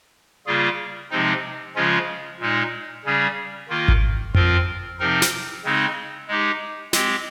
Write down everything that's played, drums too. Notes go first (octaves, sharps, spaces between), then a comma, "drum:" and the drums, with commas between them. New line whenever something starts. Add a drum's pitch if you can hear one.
C#3 G3 A#3 F4 G#4
C3 F3 G#3 C4 D#4
C#3 F3 G#3 C#4 F4
A#2 G#3 D#4
C#3 G3 C#4 G#4
D#3 A#3 F4
drum: kick G#1
F3 C4 F4 A#4, drum: tom F2
C3 F3 C4 D#4 A#4
drum: snare
C#3 G#3 C4 D#4
G#3 D#4 G4
G#3 C4 G4, drum: snare